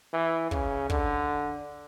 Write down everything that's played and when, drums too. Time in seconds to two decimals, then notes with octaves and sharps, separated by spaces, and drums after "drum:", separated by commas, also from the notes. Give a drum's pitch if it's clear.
0.13 E3
0.51 C#3, drum: kick
0.90 D3, drum: kick